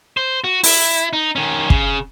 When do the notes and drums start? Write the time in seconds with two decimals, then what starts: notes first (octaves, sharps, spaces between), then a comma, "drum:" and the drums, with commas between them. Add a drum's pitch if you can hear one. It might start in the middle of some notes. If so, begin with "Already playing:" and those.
0.17 C5
0.44 F#4
0.64 E4, drum: open hi-hat
1.13 D#4
1.36 D#3 C#4
1.70 C#3, drum: kick